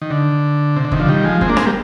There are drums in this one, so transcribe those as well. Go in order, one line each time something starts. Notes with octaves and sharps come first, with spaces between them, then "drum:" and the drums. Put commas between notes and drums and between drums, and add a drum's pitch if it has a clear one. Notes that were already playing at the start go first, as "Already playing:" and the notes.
D#3
D3
C3
D3
C3 D#3, drum: kick F#1
D3 F3
D#3 G3
F3 G#3
G#3 C4, drum: kick F#1
A#3 D4
G#3 C4, drum: rim click
G3 A#3